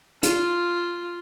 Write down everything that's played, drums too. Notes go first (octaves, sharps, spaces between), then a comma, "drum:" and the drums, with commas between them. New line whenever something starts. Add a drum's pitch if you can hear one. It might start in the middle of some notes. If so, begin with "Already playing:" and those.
F4, drum: hi-hat